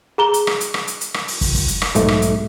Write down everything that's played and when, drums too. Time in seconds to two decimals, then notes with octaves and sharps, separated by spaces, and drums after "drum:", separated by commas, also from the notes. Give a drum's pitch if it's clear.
0.18 G#4 A#5 G7
0.34 drum: hi-hat
0.47 drum: rim click
0.61 drum: hi-hat
0.74 drum: rim click
0.87 drum: hi-hat
1.01 drum: hi-hat
1.14 drum: rim click
1.28 drum: open hi-hat
1.41 drum: kick, open hi-hat
1.55 drum: kick, open hi-hat
1.68 drum: hi-hat
1.82 drum: rim click
1.95 B1 G#2 A3, drum: hi-hat
2.08 drum: rim click
2.22 drum: hi-hat